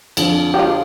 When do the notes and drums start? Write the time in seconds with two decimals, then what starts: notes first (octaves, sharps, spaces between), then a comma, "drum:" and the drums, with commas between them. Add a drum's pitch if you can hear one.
0.17 F2 D3 F3, drum: cymbal
0.54 G4
0.59 F4